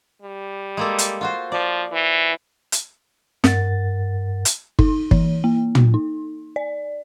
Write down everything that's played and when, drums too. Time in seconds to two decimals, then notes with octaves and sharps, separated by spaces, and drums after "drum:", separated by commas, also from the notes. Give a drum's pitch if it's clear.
0.22 G3
0.77 G#3 A#3 A4
0.99 drum: hi-hat
1.21 F4 F#4 C5
1.52 F3 D5
1.92 E3
2.72 drum: hi-hat
3.44 G2 A#4 F#5 A6, drum: snare
4.45 drum: hi-hat
4.79 D#4, drum: kick
5.11 E3, drum: kick
5.44 A#3
5.75 drum: tom
5.94 D#4
6.56 D5